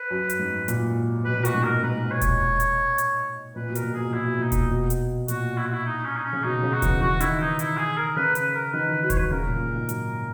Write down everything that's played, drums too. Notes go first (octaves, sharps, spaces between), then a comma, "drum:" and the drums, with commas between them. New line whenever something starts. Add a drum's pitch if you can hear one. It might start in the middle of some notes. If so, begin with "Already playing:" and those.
Already playing: B4
F#2
drum: hi-hat
G#2
A#2, drum: hi-hat
B2 B4
A#2
B2
F#4, drum: hi-hat
G#2
A#4
G#2 B4
C#5
drum: kick E1, hi-hat
drum: hi-hat
drum: hi-hat
A#2 B4
B2
A#4, drum: hi-hat
A#2
B2 G#4
A#2 E4
B2
A#2 D#4
drum: kick E1, hi-hat
B2
drum: hi-hat
A#2 F#4, drum: hi-hat
E4
F#4
E4
D#4
C#4
D#4
C#4
C#3
B2 D#4
C#3
F#4
E3, drum: kick E1, hi-hat
E3 F#4
D#3 E4, drum: hi-hat
E3 D#4
E4, drum: hi-hat
G#4
A#4
C#3 B4
B4, drum: hi-hat
A#4
D#3 B4
E3
F#3 B4
C#5, drum: kick E1, hi-hat
E3 B4
C#3 A#4
A#2
G#2
F#2, drum: hi-hat